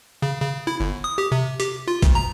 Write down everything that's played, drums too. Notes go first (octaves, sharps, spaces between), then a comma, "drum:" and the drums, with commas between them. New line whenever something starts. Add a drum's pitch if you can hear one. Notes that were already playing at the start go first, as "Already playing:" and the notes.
C#3
C#3
E4
G1
D#6
G4
C3
G4, drum: hi-hat
F4
D2, drum: kick A#1, hi-hat
A#5